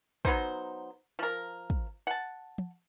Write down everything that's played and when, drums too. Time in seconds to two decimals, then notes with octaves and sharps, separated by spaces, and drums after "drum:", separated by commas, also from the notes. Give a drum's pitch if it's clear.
0.25 F#3 B3 D#4 C5, drum: kick
1.19 F3 A#4
1.70 drum: kick
2.07 F#5 A5
2.58 drum: tom